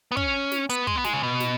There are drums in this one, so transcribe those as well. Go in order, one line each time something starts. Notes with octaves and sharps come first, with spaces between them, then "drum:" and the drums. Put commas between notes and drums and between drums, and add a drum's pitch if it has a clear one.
B3
C#4, drum: kick
drum: snare
B3, drum: hi-hat
G#3, drum: kick
B3
G#3, drum: snare
C#3
B2
drum: snare